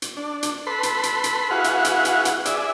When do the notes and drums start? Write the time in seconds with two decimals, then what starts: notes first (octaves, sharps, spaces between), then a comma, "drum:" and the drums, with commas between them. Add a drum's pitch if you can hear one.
0.02 drum: hi-hat
0.17 D4
0.43 drum: hi-hat
0.67 A4 B4 B5 C6
0.83 drum: hi-hat
1.03 drum: hi-hat
1.24 drum: hi-hat
1.51 E4 F#4 G#4 B4 F5 F#5
1.64 drum: hi-hat
1.85 drum: hi-hat
2.05 drum: hi-hat
2.25 drum: hi-hat
2.45 G#4 D5 E5, drum: hi-hat